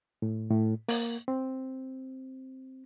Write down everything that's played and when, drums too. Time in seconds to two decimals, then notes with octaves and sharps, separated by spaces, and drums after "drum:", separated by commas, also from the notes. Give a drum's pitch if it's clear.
0.22 A2
0.50 A2
0.88 A#3, drum: open hi-hat
1.28 C4